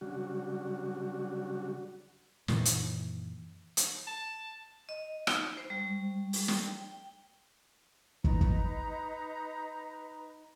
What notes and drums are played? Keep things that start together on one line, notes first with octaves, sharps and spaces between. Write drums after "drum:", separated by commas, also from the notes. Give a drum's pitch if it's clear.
C#3 F#3 G3 D4 F#4
F#2 A#2 D#3 E3, drum: snare
drum: hi-hat
drum: hi-hat
A5
D#5
D#4, drum: rim click
C5
G3
drum: open hi-hat
G5, drum: snare
D#4 B4 A#5, drum: kick
drum: kick